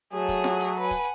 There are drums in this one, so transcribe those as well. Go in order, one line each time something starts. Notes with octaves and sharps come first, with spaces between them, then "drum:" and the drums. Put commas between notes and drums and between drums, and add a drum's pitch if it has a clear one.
F#3 A3 G#4
drum: kick, hi-hat
drum: snare F4
drum: hi-hat
B4 F#5 G#5
drum: kick, hi-hat